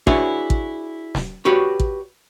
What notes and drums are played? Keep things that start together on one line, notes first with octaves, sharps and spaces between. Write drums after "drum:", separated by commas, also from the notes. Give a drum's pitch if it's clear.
D4 E4 F#4 G#4 B4 C#5, drum: kick
drum: kick
drum: snare
F#4 G4 B4 C#5 D5
drum: kick